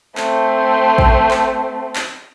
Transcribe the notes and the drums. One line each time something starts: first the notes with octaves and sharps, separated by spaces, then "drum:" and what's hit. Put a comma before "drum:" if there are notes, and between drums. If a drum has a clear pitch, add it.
A3 C4, drum: clap
drum: kick
drum: clap
drum: clap